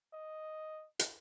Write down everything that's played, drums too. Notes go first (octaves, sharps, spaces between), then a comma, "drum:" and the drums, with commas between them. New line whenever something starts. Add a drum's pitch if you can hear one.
D#5
drum: hi-hat